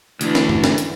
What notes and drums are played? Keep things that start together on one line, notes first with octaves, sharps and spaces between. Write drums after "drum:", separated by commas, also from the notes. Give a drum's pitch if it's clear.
D2 E3 D4, drum: hi-hat
drum: snare
drum: tom G2
drum: snare
drum: hi-hat